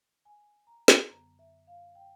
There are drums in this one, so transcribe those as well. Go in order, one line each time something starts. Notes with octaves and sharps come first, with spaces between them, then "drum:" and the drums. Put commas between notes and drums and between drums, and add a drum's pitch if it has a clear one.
G#5
A#5
A5, drum: snare
F#2 D3 F#3 B3 A#5
E5
F5
G5